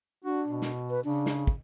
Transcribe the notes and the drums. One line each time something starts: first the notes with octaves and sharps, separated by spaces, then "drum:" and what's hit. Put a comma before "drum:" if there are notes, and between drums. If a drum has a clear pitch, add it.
D4 F#4
B2
drum: snare
B4
C#3 D4
drum: snare
drum: kick